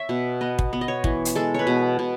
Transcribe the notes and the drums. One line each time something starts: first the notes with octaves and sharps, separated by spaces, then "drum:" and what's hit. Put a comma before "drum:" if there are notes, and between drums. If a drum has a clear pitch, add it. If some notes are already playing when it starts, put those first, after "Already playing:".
Already playing: C#5 E5
B2
B3 D#5
drum: kick
B3
D#5
C#5
E3, drum: kick
drum: hi-hat
G#3 A4
B4 C#5
B2
B2